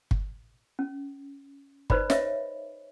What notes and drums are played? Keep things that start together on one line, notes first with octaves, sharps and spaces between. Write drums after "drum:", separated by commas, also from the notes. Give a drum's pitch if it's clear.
drum: kick G1
C#4
D#4 B4 C5 D5 B5, drum: kick G1
C#5 D#5 E5, drum: snare